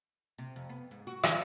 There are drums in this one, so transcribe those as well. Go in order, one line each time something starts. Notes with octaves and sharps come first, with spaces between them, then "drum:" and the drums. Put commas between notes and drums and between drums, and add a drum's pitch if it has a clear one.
C3
F2
B3
G#2
F#4
F#3, drum: rim click